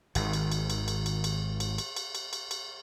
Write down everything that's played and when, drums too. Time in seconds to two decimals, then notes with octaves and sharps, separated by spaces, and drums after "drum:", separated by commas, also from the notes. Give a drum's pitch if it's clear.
0.15 G#1 D#3, drum: cymbal
0.33 drum: cymbal
0.52 drum: cymbal
0.70 drum: cymbal
0.88 drum: cymbal
1.06 drum: cymbal
1.24 drum: cymbal
1.60 drum: cymbal
1.78 drum: cymbal
1.96 drum: cymbal
2.15 drum: cymbal
2.33 drum: cymbal
2.51 drum: cymbal